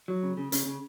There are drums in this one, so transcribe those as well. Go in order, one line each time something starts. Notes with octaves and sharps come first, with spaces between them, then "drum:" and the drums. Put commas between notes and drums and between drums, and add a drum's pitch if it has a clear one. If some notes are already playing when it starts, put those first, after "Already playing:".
F#3
C#3
C#3
C#3, drum: hi-hat
C#3